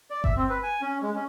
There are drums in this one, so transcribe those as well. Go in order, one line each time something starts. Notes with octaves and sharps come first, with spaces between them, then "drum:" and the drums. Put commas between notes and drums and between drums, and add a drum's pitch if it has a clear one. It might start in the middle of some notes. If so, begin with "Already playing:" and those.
D5
E5, drum: kick G1
C4
B4
G#5
C#4
G#3
C#4